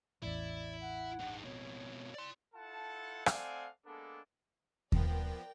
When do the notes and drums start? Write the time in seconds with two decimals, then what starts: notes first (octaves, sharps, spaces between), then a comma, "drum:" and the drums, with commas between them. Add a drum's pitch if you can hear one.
0.22 A1 E2 E4 D5
0.80 F#5
1.20 G2 D#4
1.43 F2 B2 C#5
2.14 D5 C6
2.55 E4 F4 A4 F#5 A5
3.26 A3 C4 D5 F5 F#5 G#5, drum: rim click
3.87 G#3 A#3 B3 D4 A4
4.92 F3 B3 A#4 D5 G5, drum: kick D#2